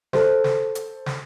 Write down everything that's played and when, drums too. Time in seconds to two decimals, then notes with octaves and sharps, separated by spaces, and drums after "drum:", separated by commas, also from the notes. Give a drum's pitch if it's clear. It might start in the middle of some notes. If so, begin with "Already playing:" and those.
0.13 A4 C5, drum: snare
0.44 drum: snare
0.75 drum: hi-hat
1.06 drum: snare